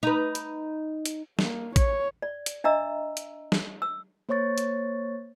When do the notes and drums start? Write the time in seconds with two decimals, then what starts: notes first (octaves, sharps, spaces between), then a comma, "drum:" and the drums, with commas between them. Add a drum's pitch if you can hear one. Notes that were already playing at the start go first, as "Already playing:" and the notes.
0.03 D#4 B4
0.35 drum: hi-hat
1.06 drum: hi-hat
1.39 A#3, drum: snare
1.76 C#5, drum: kick, hi-hat
2.22 D5
2.46 drum: hi-hat
2.64 D4 D#5 E5 A#5 E6
3.17 drum: hi-hat
3.52 drum: snare
3.82 E6
4.29 A#3 C5 C#5 C#6 A6
4.58 drum: hi-hat